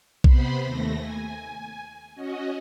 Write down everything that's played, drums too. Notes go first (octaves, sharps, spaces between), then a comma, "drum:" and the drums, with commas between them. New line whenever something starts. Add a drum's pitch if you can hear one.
C3 B3 C5 B5 C6, drum: kick B1
D#2 A3 A#6
G#5
C#4 F#4 D#5